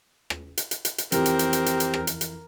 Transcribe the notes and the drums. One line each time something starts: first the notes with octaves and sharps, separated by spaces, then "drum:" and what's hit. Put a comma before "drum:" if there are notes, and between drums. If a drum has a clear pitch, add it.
drum: rim click
drum: hi-hat
drum: hi-hat
drum: hi-hat
drum: hi-hat
F2 E3 C4 G4 A#4, drum: hi-hat
drum: hi-hat
drum: hi-hat
drum: hi-hat
drum: hi-hat
drum: hi-hat
drum: rim click
drum: hi-hat
drum: hi-hat